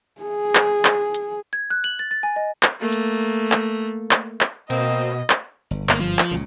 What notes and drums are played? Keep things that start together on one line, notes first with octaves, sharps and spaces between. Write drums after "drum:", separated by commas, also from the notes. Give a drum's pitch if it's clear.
G#4
drum: clap
drum: clap
drum: hi-hat
G#6
F#6
F#7
A6
A6
G#5
D#5
drum: clap
A3 A#3
drum: hi-hat
drum: clap
drum: clap
drum: clap
B2 A#3 C4 D#5, drum: hi-hat
drum: clap
G1
G1 G#2 A#3, drum: clap
F3
drum: clap
C#2 A#2 C#3